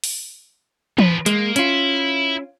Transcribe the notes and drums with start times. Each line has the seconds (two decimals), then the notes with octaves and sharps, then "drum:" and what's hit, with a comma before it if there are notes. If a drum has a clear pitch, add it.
0.04 drum: open hi-hat
0.98 F3 B4, drum: tom E3
1.26 G#3 A#3, drum: hi-hat
1.56 C#4 E4 F4, drum: hi-hat